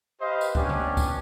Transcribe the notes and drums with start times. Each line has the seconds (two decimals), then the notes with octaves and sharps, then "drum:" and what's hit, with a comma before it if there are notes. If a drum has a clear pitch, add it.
0.21 G4 B4 C5 D#5 F5
0.41 drum: tambourine
0.55 B3 C#4 D4 G4, drum: kick C#2
0.69 drum: tom C#3
0.97 drum: kick C#2, tambourine